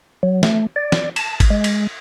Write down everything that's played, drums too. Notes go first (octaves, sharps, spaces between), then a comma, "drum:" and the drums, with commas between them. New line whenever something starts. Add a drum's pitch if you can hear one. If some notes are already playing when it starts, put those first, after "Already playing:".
F#3
A3, drum: snare
D5
drum: snare
A5, drum: cymbal
drum: kick G#1, cymbal
G#3
drum: cymbal